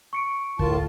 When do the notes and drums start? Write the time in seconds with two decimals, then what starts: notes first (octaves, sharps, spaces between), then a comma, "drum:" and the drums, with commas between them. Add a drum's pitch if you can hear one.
0.13 C#6 C#7 D7
0.59 D2 A2 F4 A#4 A5, drum: kick